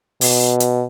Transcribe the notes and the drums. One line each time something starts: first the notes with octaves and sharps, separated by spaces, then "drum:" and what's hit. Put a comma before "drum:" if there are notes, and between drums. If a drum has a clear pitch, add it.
B2, drum: open hi-hat
drum: hi-hat